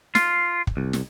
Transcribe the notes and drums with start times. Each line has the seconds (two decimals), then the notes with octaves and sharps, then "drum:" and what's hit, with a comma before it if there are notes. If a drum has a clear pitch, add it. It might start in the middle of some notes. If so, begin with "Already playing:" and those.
0.15 F4, drum: snare
0.67 drum: kick
0.77 C2
0.93 drum: snare